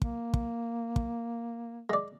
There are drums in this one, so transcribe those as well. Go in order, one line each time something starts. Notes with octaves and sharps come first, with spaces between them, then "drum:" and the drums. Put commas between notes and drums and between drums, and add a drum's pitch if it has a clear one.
A#3, drum: kick
drum: kick
drum: kick
G#3 D5